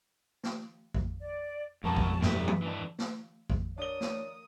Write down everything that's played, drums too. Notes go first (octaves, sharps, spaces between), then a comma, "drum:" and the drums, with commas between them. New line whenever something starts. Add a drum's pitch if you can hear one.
drum: snare
drum: kick A1
D5
F2 G#2 B2 A#4 F#5 A5 C#6
drum: kick A1
G2 G3 A3 E4 B4, drum: snare
drum: tom E3
E3 D4
drum: snare
drum: kick A1
D4 A#4 C#5 D#6 G7
drum: snare